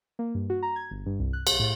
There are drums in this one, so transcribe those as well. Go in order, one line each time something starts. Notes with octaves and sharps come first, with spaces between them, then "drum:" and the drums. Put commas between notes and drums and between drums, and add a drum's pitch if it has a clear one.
A#3
G2
F#4
A#5
G#6
G1
G2
C2
F#6
B1, drum: cymbal
A2